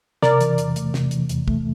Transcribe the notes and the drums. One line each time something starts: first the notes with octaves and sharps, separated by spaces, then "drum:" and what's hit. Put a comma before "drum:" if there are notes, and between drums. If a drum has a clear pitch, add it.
C3 A#4 D5, drum: snare
E3, drum: hi-hat
E2, drum: hi-hat
A3, drum: hi-hat
C3, drum: snare
E3, drum: hi-hat
E2, drum: hi-hat
A3, drum: kick